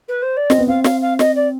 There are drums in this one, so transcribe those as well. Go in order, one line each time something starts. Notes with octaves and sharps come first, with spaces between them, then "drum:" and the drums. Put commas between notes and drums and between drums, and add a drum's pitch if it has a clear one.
B4
C5
D5
C4 D#5, drum: snare
B3
C4 F5
F5, drum: snare
F5
D#5, drum: snare
D5